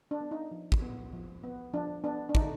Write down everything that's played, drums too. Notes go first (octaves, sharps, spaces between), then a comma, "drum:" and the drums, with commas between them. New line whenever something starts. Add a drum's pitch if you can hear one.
D4
B3
D#4
F3
drum: kick
B3
F3
B3
F3 D4
B3 D4
D4
D3 D#4, drum: kick